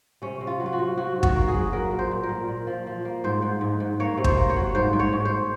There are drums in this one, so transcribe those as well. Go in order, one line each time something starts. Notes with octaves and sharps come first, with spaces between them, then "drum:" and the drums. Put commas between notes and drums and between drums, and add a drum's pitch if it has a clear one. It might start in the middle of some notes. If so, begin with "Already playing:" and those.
C3 C#4
C3
F4
F#3
F4
F#4
C3
F#3 F#4
G#2
F#4, drum: kick
A#3
G#4
F#3
F#3 A#4
A#2
C5
A#2
A#4
A#2
A#2
F3
F3
A#3
G#2 C5
G#2
G#2
G#2
A#3 C#5
C3
C5, drum: kick
A#3
C#5
F#3
G#2 C5
G#2
C#5
G#2
C5